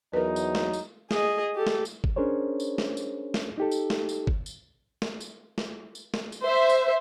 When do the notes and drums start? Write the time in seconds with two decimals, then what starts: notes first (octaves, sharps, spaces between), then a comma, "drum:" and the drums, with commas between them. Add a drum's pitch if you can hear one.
0.14 E2 F#3 D#4 A#4 B4
0.36 drum: tambourine
0.55 drum: snare
0.73 drum: tambourine
1.11 G#4 D#5, drum: snare
1.56 G4 A4
1.67 drum: snare
1.85 drum: tambourine
2.04 drum: kick
2.16 C#4 D4 G#4 A#4 C5 C#5
2.60 drum: tambourine
2.78 drum: snare
2.97 drum: tambourine
3.34 drum: snare
3.58 D#4 G4 A4
3.71 drum: tambourine
3.90 drum: snare
4.09 drum: tambourine
4.27 drum: kick
4.46 drum: tambourine
5.02 drum: snare
5.20 drum: tambourine
5.58 drum: snare
5.95 drum: tambourine
6.14 drum: snare
6.32 drum: tambourine
6.42 C5 E5
6.70 drum: tambourine